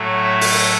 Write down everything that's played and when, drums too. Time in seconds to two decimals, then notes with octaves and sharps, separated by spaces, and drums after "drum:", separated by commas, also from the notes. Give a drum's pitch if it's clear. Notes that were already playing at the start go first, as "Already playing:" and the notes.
Already playing: A2 F#3 A3
0.24 E5
0.41 drum: open hi-hat